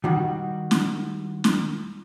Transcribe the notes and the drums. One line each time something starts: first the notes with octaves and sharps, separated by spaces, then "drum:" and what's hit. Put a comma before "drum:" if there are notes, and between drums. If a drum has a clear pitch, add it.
D#3 G3 F#4
drum: snare
drum: snare